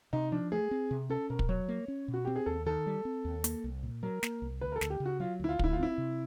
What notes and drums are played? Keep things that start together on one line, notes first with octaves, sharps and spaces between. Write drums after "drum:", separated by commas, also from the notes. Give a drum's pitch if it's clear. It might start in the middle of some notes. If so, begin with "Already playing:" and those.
C3 D#4
F3 D4
A3 G#4
C4
C3
C#4 A4
B2 A#4
drum: kick
F#3 C#5
A#3
C#4
B2
F#4
C4 G4
G#4
D#2 A4
D#3 A4
G3
C4
D#2
A#3, drum: hi-hat
C2
A#2
F#3 A#4
A#3, drum: snare
C2
D2 B4
A#4
A4
D2, drum: snare
G4
C#3
F#4
F#3 F4
D2 E4
F4
D2 E4, drum: kick
F4
C4 E4
C3